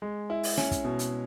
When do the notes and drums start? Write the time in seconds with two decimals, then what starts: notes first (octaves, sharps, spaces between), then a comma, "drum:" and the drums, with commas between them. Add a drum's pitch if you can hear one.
0.02 G#3
0.30 E4
0.43 drum: open hi-hat
0.57 C#4, drum: snare
0.71 drum: kick, hi-hat
0.84 B2
0.99 drum: hi-hat